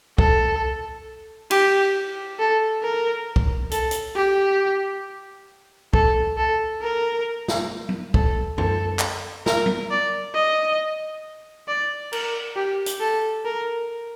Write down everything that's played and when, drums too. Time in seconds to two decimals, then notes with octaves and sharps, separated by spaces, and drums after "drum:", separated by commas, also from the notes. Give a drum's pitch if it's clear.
0.18 A4, drum: kick B1
1.51 G4, drum: cymbal
2.40 A4
2.83 A#4
3.36 drum: kick B1
3.71 A4, drum: hi-hat
3.91 drum: hi-hat
4.16 G4
5.93 A4, drum: kick B1
6.38 A4
6.82 A#4
7.48 drum: snare
7.89 drum: tom F#3
8.14 A4, drum: kick B1
8.58 A4, drum: tom
8.99 drum: clap
9.46 A#4, drum: snare
9.66 drum: tom F#3
9.91 D5
10.35 D#5
11.68 D5
12.13 A#4, drum: cymbal
12.56 G4
12.86 drum: hi-hat
13.00 A4
13.45 A#4